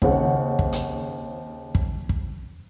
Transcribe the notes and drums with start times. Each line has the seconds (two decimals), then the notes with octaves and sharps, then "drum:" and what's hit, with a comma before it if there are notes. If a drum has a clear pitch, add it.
0.02 D#2 C#3 C4 F#5, drum: kick
0.59 drum: kick
0.73 drum: hi-hat
1.75 drum: kick
2.09 drum: kick